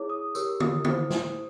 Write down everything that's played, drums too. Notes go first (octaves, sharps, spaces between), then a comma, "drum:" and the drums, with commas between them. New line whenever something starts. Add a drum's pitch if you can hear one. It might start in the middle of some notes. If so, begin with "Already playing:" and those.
Already playing: E4 G#4 C#5 D6
D#6
G4 A#4 C#5 E6, drum: tambourine
D#6, drum: tom D3
E4 A4 C5, drum: tom D3
drum: snare